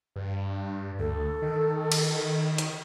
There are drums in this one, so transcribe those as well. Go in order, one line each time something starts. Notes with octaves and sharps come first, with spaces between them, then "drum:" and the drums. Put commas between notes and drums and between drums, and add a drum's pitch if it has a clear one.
G2
D2 A4
D#3
drum: cymbal
drum: hi-hat